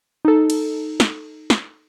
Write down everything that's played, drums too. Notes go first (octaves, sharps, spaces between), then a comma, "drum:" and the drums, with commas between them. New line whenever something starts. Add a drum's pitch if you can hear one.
D#4 A4
drum: cymbal
drum: snare
drum: snare